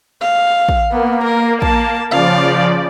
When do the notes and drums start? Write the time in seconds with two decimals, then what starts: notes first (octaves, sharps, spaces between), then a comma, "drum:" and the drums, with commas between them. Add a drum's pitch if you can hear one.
0.22 F5
0.69 drum: kick
0.92 A#3 B3
1.24 A#4
1.62 A5, drum: kick
2.11 C#3 F3 D5 F5